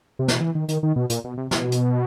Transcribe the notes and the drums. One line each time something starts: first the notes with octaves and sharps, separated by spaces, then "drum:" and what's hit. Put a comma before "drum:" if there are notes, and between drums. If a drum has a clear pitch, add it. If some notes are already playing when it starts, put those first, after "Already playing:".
C3
B2, drum: snare
E3
D#3
D#3, drum: hi-hat
D#3
B2
A#2, drum: hi-hat
B2
C3
B2, drum: snare
drum: hi-hat